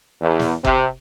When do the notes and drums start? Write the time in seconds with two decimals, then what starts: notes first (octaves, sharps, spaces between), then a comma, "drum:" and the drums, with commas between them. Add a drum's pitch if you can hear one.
0.22 E2
0.39 drum: snare
0.65 C3, drum: kick F#1